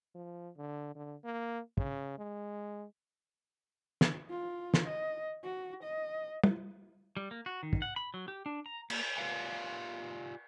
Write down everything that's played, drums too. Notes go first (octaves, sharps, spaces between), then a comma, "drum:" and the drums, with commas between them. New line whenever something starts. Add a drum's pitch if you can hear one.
F3
D3
D3
A#3
C#3, drum: kick
G#3
drum: snare
F4
drum: snare
D#5
F#4
D#5
drum: tom
G3
A#3
F#4
D#3
drum: kick
F#5
B5
F#3
G4
D4
A#5
A#3, drum: cymbal
F4 G4 D5 F5 F#5 G#5